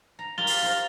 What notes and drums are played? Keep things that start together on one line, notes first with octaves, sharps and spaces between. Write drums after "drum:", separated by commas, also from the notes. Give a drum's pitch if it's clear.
A#5
F4 G4 A#4 A6 F7 G7
drum: open hi-hat
F4 C5 A#5